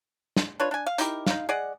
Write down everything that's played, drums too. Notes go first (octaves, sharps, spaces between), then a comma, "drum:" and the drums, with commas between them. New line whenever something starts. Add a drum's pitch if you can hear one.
drum: snare
D4 F4 B4 C#5
D4 G#5
F5
D#4 E4 G4 A#4, drum: hi-hat
D#4 F5, drum: snare
G#4 D5 D#5 F#5